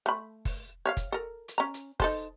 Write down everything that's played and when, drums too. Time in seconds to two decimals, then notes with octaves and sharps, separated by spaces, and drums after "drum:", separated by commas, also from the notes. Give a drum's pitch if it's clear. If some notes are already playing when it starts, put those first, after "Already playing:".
0.06 A3 B5
0.45 drum: kick F#1, open hi-hat
0.86 C#5 E5 F5
0.97 drum: kick F#1, hi-hat
1.12 A4 A#4
1.48 drum: hi-hat
1.58 C#4 A#5
1.74 drum: hi-hat
2.00 D#4 A4 C5, drum: kick F#1, open hi-hat